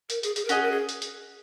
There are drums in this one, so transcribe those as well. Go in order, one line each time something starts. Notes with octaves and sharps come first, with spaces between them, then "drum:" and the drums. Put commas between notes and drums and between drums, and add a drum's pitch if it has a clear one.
A#4, drum: hi-hat
G#4, drum: hi-hat
G#4, drum: hi-hat
A#4
C#4 F#4 G#4 D#5 G#5, drum: hi-hat
A#4
G#4
drum: hi-hat
drum: hi-hat